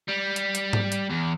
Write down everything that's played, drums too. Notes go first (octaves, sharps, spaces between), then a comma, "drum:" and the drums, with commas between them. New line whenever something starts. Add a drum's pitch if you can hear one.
G3
drum: hi-hat
drum: hi-hat
drum: tom G#2
drum: hi-hat
E2